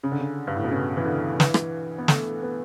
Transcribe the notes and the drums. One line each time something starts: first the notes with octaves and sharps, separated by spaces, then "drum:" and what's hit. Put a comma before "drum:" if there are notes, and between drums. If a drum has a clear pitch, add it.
C#3
D3
C#3
G2
A2
B2
C#3
E3
D3
D3
E3, drum: snare
drum: rim click
B3
A3, drum: snare
B3